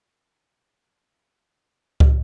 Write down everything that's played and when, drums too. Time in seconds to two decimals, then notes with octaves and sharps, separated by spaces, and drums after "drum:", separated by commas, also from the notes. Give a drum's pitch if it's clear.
0.14 D#2
0.49 F5
0.70 C#3 F3
1.02 D4
1.21 A3 F4
1.57 C5
2.00 drum: kick C#2